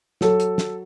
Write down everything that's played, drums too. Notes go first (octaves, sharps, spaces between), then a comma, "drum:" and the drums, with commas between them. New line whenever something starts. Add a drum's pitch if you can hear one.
F#3 A4, drum: snare
drum: hi-hat
drum: snare